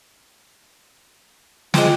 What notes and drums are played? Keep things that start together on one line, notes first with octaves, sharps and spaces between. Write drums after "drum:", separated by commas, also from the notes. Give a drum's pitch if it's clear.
G#3 F4 C5 G5 D6 F#6, drum: snare